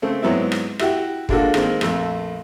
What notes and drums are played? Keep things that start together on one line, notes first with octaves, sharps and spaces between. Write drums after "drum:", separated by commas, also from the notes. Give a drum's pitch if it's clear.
C#3 A3 C4
G#2 F#3 B3 C4 E4
drum: rim click
E4 F#4 G4, drum: rim click
G#3 A#3 D4 F4 F#4 A4, drum: kick
D#3 G#3 A#3 C4, drum: rim click
A#1 F2 A3, drum: rim click